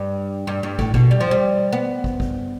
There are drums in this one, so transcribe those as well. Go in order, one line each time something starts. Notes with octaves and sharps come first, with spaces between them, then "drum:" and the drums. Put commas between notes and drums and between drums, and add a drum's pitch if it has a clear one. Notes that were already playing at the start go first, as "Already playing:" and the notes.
Already playing: G2
G2
G2
A2, drum: kick
B2, drum: kick
G3
F3
G3
B3
drum: kick
drum: kick